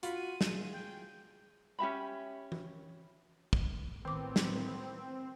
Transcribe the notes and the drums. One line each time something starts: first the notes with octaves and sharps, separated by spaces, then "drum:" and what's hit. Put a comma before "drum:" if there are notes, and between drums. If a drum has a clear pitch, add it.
F4 F#4 B5, drum: hi-hat
D#7
G#4, drum: snare
G5
C#4 G4 E5 B5
drum: tom E3
drum: kick
A2 D#3 B3 C4 A#4 D6
drum: snare